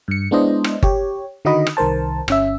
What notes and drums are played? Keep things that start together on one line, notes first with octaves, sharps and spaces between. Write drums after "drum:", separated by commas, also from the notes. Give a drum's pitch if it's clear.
G2 C#7
G#3 B3 D4 E4 C5 D#5
drum: rim click
G4 C#5, drum: kick G1
D3 D#3 D#4 F#4 D#5 B5
drum: rim click
C2 D#3 A#4 C5 A5
G1 C#4 E5, drum: rim click